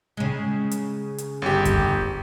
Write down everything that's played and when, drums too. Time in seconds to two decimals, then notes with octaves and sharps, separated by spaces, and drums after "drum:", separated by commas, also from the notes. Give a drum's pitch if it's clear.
0.17 C#3 G#3
0.71 drum: hi-hat
1.18 drum: hi-hat
1.42 G1 G4
1.65 drum: kick F2, hi-hat